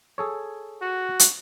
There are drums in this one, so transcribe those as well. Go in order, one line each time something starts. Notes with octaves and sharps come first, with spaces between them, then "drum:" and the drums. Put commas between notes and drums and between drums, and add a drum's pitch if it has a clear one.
G#4 A4 C#5
F#4
drum: hi-hat